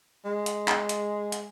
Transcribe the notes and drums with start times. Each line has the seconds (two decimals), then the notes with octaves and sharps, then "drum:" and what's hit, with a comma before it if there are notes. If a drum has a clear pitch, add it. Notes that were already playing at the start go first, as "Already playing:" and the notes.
0.25 G#3
0.46 drum: hi-hat
0.68 drum: clap
0.89 drum: hi-hat
1.32 drum: hi-hat